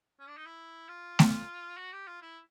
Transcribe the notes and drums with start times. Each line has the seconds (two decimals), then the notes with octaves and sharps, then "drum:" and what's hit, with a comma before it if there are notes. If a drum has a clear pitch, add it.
0.20 C#4
0.28 D4
0.37 D#4
0.46 E4
0.89 F4
1.19 drum: snare A3
1.77 F#4
1.93 G4
2.07 F4
2.22 E4